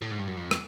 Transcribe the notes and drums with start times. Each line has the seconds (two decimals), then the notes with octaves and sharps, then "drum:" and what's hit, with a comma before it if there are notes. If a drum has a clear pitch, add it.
0.02 A2
0.11 G#2
0.19 G2
0.27 F#2
0.37 F2
0.51 drum: rim click